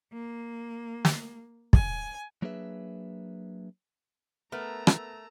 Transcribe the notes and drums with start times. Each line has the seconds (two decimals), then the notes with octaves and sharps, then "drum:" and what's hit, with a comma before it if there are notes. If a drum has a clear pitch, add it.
0.12 A#3
1.05 drum: snare
1.73 G#5, drum: kick
2.42 F#3 A#3 D4 G#4 B4 E5
4.52 A3 B3 A#4 A#5 E6
4.87 drum: rim click